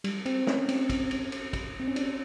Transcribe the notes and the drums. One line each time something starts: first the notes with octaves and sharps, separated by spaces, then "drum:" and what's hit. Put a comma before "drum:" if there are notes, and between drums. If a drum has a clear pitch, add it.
G3, drum: cymbal
C4, drum: cymbal
C#4, drum: snare
C4, drum: cymbal
drum: kick, cymbal
drum: cymbal
drum: cymbal
drum: kick, cymbal
C4
C#4
D4, drum: cymbal